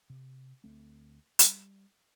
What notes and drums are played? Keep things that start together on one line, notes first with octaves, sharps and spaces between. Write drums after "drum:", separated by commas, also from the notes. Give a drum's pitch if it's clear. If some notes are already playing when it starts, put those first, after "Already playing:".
C3
D2 A3 C4
G3, drum: hi-hat